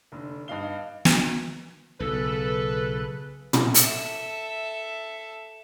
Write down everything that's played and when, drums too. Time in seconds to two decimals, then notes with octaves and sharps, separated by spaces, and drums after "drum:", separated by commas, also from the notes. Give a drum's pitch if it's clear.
0.12 F1 D3
0.48 G2 D#4 F5 G7
1.05 drum: snare
2.00 B1 C#3 A4 B4
3.53 drum: tom
3.74 A4 E5, drum: hi-hat